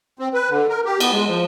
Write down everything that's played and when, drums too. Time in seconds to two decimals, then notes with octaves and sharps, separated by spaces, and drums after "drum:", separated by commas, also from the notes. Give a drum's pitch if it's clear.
0.19 C4
0.34 B4
0.50 D3
0.69 A#4
0.85 G4
1.00 B3, drum: cymbal
1.13 G#3
1.28 F3